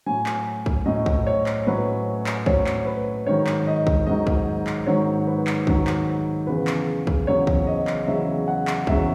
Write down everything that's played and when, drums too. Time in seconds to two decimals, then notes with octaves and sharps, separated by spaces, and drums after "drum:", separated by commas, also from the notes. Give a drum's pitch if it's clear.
0.06 A2 F#3 G#5
0.26 drum: clap
0.66 drum: kick
0.86 A2 F#3 D#5
1.06 drum: kick
1.27 C#5
1.46 drum: clap
1.67 A2 F#3 B4
2.26 drum: clap
2.46 A2 F#3 C#5, drum: kick
2.66 drum: clap
2.86 B4
3.26 G#2 D#3 F#3 C#5
3.47 drum: clap
3.67 D#5
3.87 drum: kick
4.07 G#2 D#3 F#3 D#5
4.27 drum: kick
4.67 drum: clap
4.87 G#2 D#3 F#3 C#5
5.27 B4
5.47 drum: clap
5.67 G#2 D#3 F#3, drum: kick
5.87 drum: clap
6.47 E2 C#3 F#3 B4
6.67 drum: clap
7.07 drum: kick
7.27 E2 C#3 F#3 C#5
7.47 drum: kick
7.67 D#5
7.87 drum: clap
8.07 E2 C#3 F#3 E5
8.48 F#5
8.67 drum: clap
8.87 E2 C#3 F#3 E5, drum: kick